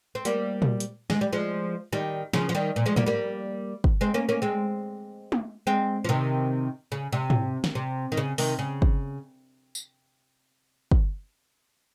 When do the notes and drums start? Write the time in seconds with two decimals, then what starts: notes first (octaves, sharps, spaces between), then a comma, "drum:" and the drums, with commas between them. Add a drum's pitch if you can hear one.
0.15 C4
0.25 G3 A#3, drum: hi-hat
0.62 drum: tom A#2
0.80 drum: hi-hat
1.10 G#3, drum: snare
1.21 G3
1.33 F3 G#3
1.93 D#3 G3
2.33 C#3 F3, drum: snare
2.49 F3
2.55 D#3 G3
2.76 A#2
2.86 F3 G#3
2.96 G3 A#3, drum: tom G#2
3.06 G3 A#3
3.84 drum: kick
4.01 G#3 C4
4.14 A#3 C#4
4.29 A#3 C#4
4.42 G#3 C4
5.32 drum: tom
5.67 G#3 C4
6.04 F3
6.09 C3 D#3
6.92 C#3
7.12 C3
7.30 drum: tom G#2
7.64 drum: snare
7.75 C3
8.12 D#3
8.17 C#3
8.38 C3 D#3, drum: open hi-hat
8.59 C#3
8.82 drum: kick
9.75 drum: tambourine
10.91 drum: kick